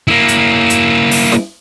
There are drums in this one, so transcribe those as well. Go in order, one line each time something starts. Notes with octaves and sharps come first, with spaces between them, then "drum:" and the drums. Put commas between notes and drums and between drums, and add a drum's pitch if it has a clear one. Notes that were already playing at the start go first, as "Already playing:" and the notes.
A#3 E4
drum: hi-hat
drum: hi-hat
drum: open hi-hat
drum: snare